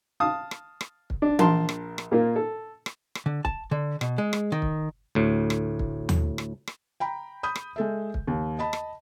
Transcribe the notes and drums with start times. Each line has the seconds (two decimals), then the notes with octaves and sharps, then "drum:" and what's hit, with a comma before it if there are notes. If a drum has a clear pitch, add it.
0.20 F5 A5 D#6
0.51 drum: rim click
0.81 drum: rim click
1.10 drum: kick
1.22 D4
1.39 A#1 A#4 A5 C6, drum: tom E3
1.69 drum: rim click
1.98 drum: rim click
2.11 A#2 A#3 F4
2.36 A4
2.86 drum: rim click
3.15 drum: rim click
3.26 D3
3.45 A5, drum: kick
3.71 D3
4.01 B2, drum: rim click
4.18 G#3
4.33 drum: rim click
4.52 D#3
4.62 drum: kick
5.15 D2 A2
5.50 drum: rim click
5.79 drum: kick
6.09 drum: tom D#2
6.38 drum: rim click
6.67 drum: rim click
7.00 G5 A#5 B5
7.43 B5 D#6 G6
7.56 drum: rim click
7.76 G#3 A4 E5
8.14 drum: kick
8.27 D#2
8.59 D#5 A5 B5
8.73 drum: rim click